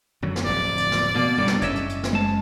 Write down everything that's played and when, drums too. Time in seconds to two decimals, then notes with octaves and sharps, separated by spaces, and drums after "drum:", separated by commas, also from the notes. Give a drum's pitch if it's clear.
0.22 F#2 D3 F#3
0.36 drum: snare
0.45 D1 F2 F#3 D5
0.78 drum: hi-hat
0.92 drum: snare
1.16 B2 A#3
1.38 G2 C#3
1.48 drum: snare
1.62 F#1 C#4 C#5 D#5 E5, drum: hi-hat
1.75 drum: hi-hat
1.89 drum: hi-hat
2.03 drum: snare
2.13 G#3 A5